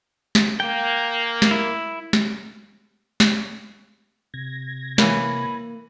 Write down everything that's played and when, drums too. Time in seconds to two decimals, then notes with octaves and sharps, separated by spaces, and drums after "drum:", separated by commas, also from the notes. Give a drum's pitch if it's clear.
0.35 drum: snare
0.60 A#3 G5
1.42 drum: snare
1.51 E4
2.13 drum: snare
3.20 drum: snare
4.34 C3 G#6 A#6
4.98 E3 A#3 C#5 B5, drum: snare